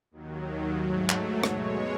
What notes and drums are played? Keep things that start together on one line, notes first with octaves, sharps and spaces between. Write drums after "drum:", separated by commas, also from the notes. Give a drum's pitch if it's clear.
D#2 D#3 F#3
G#2 F#3 A3
drum: clap
B2 G#3 C#5, drum: rim click